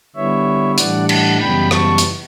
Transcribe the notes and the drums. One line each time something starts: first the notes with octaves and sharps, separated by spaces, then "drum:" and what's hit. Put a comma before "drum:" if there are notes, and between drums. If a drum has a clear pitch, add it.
D3 G3 B3 E4 C#5 E5
A2 E3 G3 D4 D5 F#5, drum: hi-hat
F#5 A5, drum: cymbal
F#2 C#3 E3 G3 B3 G5 B5
A5 C#6, drum: rim click
drum: hi-hat